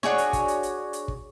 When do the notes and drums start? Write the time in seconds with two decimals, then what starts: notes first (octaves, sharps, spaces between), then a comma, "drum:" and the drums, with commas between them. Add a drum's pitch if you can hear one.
0.03 D4 F#4 G#4 C#5, drum: snare
0.18 drum: hi-hat
0.33 drum: kick, hi-hat
0.48 drum: hi-hat
0.63 drum: hi-hat
0.93 drum: hi-hat
1.08 drum: kick